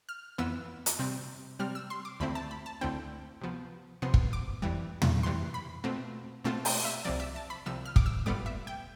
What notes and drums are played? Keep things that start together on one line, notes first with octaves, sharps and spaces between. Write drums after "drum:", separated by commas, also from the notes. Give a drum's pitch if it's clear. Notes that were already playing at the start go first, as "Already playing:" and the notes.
F6
F2 E3 B3 F4 E6
drum: hi-hat
C3 G3 C4
C3 G3 C4 F6
E6
C6
D6
D2 D3 A3 C4 E4 B5
A5
B5
A5
D2 D3 A3 C4 E4 G5
C3 F3 B3
C3 F3 B3 C6
drum: kick
D6
F2 E3 G3
drum: tom
F2 E3 G3 C6
B5
B2 A3 C4 F4
B2 A3 C4 F4 A5
G5, drum: open hi-hat
E5
C2 C3 F3 D5
E5
A5
B5
C2 C3 F3 E6
F6
D6, drum: kick
E6
A2 G3 B3 F4 D6
E5
G5